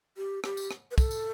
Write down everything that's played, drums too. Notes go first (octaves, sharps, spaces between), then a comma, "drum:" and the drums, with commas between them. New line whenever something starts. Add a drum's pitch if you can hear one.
G4
G4, drum: rim click
drum: tambourine
drum: rim click
B4
A4, drum: kick, tambourine
drum: tambourine